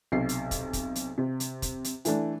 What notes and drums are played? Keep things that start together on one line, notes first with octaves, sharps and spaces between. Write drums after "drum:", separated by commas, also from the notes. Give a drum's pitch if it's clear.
B1 C3 C7
drum: hi-hat
drum: kick, hi-hat
drum: kick, hi-hat
drum: hi-hat
C3
drum: hi-hat
drum: kick, hi-hat
drum: hi-hat
E3 A3 D4, drum: hi-hat